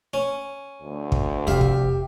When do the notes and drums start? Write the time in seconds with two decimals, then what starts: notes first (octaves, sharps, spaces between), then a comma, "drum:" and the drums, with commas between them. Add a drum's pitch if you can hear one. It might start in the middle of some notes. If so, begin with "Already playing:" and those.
0.14 C#4
0.82 D2
1.12 drum: kick
1.47 F1 F2 G4 E5 F5
1.61 drum: kick